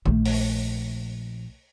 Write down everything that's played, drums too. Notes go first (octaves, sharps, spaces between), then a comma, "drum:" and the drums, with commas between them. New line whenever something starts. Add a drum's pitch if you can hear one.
A#1 A3, drum: tom D#3
drum: open hi-hat